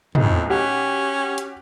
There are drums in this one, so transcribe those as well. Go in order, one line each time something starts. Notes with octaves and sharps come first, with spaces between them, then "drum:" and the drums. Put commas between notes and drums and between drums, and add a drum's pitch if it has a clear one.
B1 F2 A2 D#4, drum: tom
C#4 F#4 G4
drum: hi-hat